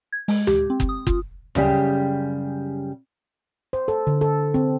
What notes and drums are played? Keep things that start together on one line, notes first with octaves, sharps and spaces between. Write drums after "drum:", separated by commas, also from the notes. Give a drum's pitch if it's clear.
G#6
G#3, drum: open hi-hat
G4, drum: tom D2
C4
drum: kick F#1
D#6
F4, drum: kick F#1
F#2 C#3 G3 G4 G#4, drum: tom D2
C5
A4
D3
A4
C4